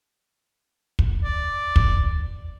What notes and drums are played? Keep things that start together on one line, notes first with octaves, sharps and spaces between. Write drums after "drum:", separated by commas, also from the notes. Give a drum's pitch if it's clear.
drum: kick
D5
drum: kick